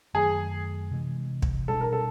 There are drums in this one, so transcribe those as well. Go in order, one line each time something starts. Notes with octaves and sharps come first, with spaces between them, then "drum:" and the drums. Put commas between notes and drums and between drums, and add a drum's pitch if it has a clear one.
F#2 D#3 F#3 A3 G#4
C3 E3 G#3
drum: kick
B2 G3 B3 D4 A4
A#4
A4